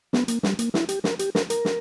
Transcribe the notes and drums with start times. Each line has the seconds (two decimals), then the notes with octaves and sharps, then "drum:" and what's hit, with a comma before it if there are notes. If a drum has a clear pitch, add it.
0.13 B3, drum: snare
0.28 A#3, drum: hi-hat
0.43 G3, drum: snare
0.59 A#3, drum: hi-hat
0.74 E4, drum: snare
0.89 G4, drum: hi-hat
1.04 A#4, drum: snare
1.19 G4, drum: hi-hat
1.35 A#4, drum: snare
1.50 A#4, drum: hi-hat
1.65 drum: snare